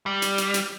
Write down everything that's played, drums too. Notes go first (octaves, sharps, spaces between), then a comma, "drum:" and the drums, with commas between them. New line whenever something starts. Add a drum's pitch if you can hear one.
G3
drum: hi-hat
drum: hi-hat
drum: hi-hat